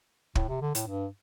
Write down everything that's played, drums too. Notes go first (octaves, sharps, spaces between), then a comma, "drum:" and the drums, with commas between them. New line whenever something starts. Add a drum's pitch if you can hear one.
A2, drum: kick
C3
D3
A2, drum: hi-hat
G2